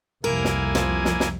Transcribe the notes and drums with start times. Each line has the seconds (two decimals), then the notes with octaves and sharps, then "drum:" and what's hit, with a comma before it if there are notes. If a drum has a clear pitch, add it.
0.24 C2 F2 A#3 E4 A#4 G#5
0.45 drum: snare
0.75 F3, drum: snare
1.05 drum: snare
1.20 drum: snare